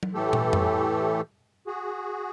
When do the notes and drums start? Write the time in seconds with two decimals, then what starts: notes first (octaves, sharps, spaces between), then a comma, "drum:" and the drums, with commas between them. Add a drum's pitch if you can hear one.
0.03 drum: tom F#3
0.14 A2 E3 A3 G4 A4
0.33 drum: tom
0.53 drum: tom F2
1.67 F#4 G#4